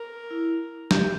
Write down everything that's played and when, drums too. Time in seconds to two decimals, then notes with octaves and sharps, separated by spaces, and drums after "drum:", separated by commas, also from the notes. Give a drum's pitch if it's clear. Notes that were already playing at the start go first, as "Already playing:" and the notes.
Already playing: A#4
0.31 E4
0.91 G4, drum: snare